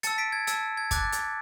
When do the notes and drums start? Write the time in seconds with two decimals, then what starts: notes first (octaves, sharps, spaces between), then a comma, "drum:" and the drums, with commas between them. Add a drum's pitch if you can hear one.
0.03 A5 E6 A6 C#7, drum: hi-hat
0.18 B6 D7
0.32 G#6
0.47 A5 E6, drum: hi-hat
0.77 G#6
0.91 A5 D6 F#6 A6, drum: kick, hi-hat
1.12 drum: hi-hat